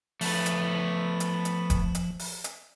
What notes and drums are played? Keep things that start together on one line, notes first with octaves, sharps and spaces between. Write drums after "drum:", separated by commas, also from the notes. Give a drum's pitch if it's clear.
F3 A3 B3, drum: open hi-hat
drum: hi-hat
drum: hi-hat
drum: hi-hat
drum: kick D#1, hi-hat
drum: hi-hat
drum: open hi-hat
drum: hi-hat